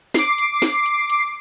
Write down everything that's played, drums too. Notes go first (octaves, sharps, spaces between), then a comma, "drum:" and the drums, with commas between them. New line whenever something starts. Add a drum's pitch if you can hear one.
D6 C7, drum: snare
drum: hi-hat
drum: snare
drum: hi-hat
drum: hi-hat